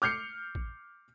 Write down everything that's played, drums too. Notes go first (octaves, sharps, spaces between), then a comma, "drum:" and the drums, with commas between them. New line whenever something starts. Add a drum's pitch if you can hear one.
D6 F6 G6 C7 C#7
drum: kick A1